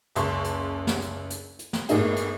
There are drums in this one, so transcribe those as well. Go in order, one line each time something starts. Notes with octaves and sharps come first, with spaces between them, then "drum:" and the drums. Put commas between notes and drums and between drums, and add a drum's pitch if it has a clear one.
F#1 C#2 A5 C6 C#6, drum: hi-hat
drum: hi-hat
drum: snare
drum: hi-hat
drum: hi-hat
drum: hi-hat
drum: snare
G1 A2 A#3 D#4 G#4, drum: hi-hat
drum: hi-hat